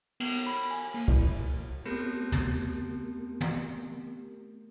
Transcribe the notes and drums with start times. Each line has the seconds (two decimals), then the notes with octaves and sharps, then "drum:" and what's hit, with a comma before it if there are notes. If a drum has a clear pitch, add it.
0.20 B3, drum: cymbal
0.47 B5
0.71 G#5
0.94 A#3, drum: cymbal
1.08 E4, drum: kick
1.86 A3 B3 C4 G4 A#4, drum: cymbal
2.32 drum: tom
3.41 drum: tom